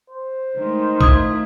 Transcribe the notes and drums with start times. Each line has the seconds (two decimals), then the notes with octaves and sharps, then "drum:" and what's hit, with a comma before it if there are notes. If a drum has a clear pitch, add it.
0.10 C5
0.58 D#3 G#3 A3
1.01 A3 E4 F4 D#6 G#6, drum: kick A#1